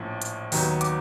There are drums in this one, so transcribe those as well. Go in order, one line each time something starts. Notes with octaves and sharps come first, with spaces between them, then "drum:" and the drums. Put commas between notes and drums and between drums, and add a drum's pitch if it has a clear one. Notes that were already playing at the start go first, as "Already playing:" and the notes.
Already playing: A#1 A2 F3 A#3 C#4
drum: hi-hat
D#2 D#3 F#3 B3, drum: open hi-hat
D6, drum: hi-hat